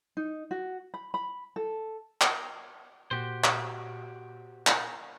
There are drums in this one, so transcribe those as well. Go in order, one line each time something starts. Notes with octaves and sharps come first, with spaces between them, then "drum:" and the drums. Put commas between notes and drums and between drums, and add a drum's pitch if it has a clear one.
D#4
F#4
B5
B5
A4
drum: clap
A#2 F#4 G4 C5
drum: clap
drum: clap